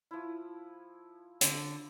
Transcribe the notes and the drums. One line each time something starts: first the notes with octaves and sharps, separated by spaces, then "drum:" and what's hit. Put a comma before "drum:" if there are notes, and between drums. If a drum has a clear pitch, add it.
F3 E4
D3, drum: hi-hat